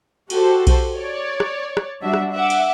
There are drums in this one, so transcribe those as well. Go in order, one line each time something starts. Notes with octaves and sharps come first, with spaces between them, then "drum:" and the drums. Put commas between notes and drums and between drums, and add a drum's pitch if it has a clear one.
F#4 G4 A4 C5, drum: cymbal
drum: kick B1, cymbal
C#5 D5
drum: rim click
drum: rim click
G3 D4 F#4 E5
drum: rim click
E5 F#5 D6
drum: cymbal